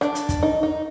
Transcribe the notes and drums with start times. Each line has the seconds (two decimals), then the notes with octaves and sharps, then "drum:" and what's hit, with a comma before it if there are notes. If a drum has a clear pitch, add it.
0.01 D4, drum: rim click
0.15 drum: hi-hat
0.29 drum: kick, hi-hat
0.43 D#4
0.63 D#4